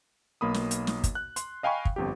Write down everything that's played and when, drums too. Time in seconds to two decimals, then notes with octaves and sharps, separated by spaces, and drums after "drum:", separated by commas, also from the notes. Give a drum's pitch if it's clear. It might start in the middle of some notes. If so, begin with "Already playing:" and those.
0.41 B1 A#3 B5 D#6
0.54 drum: snare
0.71 drum: hi-hat
0.87 drum: snare
1.04 drum: kick, hi-hat
1.15 F#6
1.36 C6, drum: hi-hat
1.63 D#5 F5 G5 G#5 B5 C#6
1.85 drum: kick
1.96 G1 F2 G4